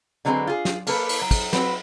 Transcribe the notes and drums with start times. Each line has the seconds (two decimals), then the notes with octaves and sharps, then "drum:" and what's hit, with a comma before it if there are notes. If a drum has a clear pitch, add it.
0.25 D3 F#3 G#3 C4 G#4 B4
0.47 F4 G#4
0.65 drum: snare
0.87 A#3 A4 B4, drum: cymbal
1.09 drum: cymbal
1.21 F#3
1.31 drum: kick, cymbal
1.53 C4 F#4 B4, drum: snare